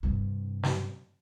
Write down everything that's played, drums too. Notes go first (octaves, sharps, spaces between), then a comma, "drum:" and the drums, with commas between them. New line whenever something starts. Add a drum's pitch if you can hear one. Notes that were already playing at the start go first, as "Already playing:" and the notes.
G2 C3
drum: snare